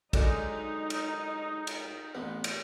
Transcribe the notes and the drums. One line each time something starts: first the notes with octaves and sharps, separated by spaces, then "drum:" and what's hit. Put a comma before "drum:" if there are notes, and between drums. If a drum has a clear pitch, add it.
D3 F#3 G#3 D#4, drum: kick, cymbal
drum: cymbal
drum: cymbal
A1 B3
drum: cymbal